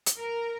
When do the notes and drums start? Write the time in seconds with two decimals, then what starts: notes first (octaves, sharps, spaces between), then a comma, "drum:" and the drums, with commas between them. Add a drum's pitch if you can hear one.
0.06 drum: hi-hat
0.17 A#4